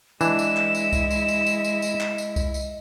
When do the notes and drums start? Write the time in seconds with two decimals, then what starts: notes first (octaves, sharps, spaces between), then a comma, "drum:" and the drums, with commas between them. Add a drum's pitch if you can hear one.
0.21 E3 G#3 D4 E4 D#5 E7, drum: tambourine
0.39 drum: tambourine
0.57 drum: clap
0.75 drum: tambourine
0.93 drum: kick C2, tambourine
1.10 drum: tambourine
1.28 drum: tambourine
1.46 drum: tambourine
1.64 drum: tambourine
1.82 drum: tambourine
2.00 drum: clap
2.18 drum: tambourine
2.36 drum: kick C2, tambourine
2.54 drum: tambourine